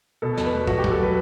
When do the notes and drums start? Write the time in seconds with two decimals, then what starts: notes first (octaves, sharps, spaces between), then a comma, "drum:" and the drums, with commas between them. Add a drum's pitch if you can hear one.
0.22 B2 A4
0.37 E2, drum: snare
0.45 B4
0.53 A3
0.67 A3 F#4, drum: kick
0.79 G4
0.84 F#3, drum: kick
0.91 A4
0.99 F#3 B4